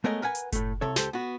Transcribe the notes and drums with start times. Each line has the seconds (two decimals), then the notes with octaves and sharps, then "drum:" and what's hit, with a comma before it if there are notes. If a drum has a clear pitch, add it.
0.04 G#3 A3 B3 A#4 C#5 D#5
0.22 A#4 B4 F#5 G#5
0.35 drum: hi-hat
0.52 A2 A3, drum: kick F#1, hi-hat
0.81 C2 C3 A4 C#5
0.96 C#2 G4 A4 C5, drum: snare
1.13 B3 F#4